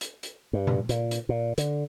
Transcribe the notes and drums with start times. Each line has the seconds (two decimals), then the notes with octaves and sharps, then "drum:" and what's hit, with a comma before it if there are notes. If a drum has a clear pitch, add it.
0.01 drum: hi-hat
0.23 drum: hi-hat
0.53 G2
0.67 drum: tom A#2
0.89 A#2, drum: hi-hat
1.11 drum: hi-hat
1.29 A#2
1.58 D3, drum: hi-hat